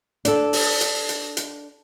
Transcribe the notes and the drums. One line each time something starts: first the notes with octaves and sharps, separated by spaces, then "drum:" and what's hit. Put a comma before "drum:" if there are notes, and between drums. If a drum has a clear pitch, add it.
D4 A4, drum: hi-hat
drum: open hi-hat
drum: hi-hat
drum: hi-hat
drum: hi-hat